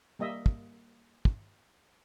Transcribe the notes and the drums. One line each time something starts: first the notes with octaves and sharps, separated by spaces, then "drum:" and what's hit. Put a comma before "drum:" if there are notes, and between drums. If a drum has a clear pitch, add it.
G3 A#3 D#5 E5
drum: kick
drum: kick